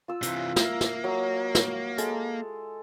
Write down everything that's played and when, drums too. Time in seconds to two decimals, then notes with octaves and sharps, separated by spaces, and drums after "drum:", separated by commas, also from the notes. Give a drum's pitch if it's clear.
0.08 F4 E6
0.22 C3 E3, drum: hi-hat
0.56 A#3 E5, drum: snare
0.81 drum: snare
1.04 F#3 D#5 A#5
1.55 drum: snare
1.98 G#3 A4, drum: hi-hat